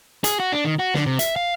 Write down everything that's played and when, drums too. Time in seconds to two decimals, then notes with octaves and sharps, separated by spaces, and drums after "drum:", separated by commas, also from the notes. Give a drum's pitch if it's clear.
0.24 G#4, drum: hi-hat
0.40 F#4
0.52 D4
0.65 D#3
0.79 F#4
0.94 D3, drum: snare
1.06 C3
1.19 E5, drum: hi-hat
1.36 F5